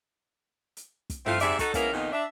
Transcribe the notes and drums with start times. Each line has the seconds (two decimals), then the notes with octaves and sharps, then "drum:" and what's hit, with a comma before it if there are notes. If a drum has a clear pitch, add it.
0.77 drum: hi-hat
1.10 drum: kick, hi-hat
1.26 F3 A3 C4 E4 F4, drum: tom
1.40 G#2 C3 D5 E5, drum: hi-hat
1.59 D#4 F#4 A4, drum: kick, hi-hat
1.74 G#3 A#3 B3 C#4 E4 A#4, drum: kick, hi-hat
1.92 F2 A#2 D#3 B3 D#4 F4
2.12 D4 E5